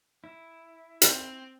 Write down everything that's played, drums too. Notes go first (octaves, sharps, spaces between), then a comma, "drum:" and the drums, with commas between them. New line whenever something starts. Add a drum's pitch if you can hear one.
E4
C4, drum: hi-hat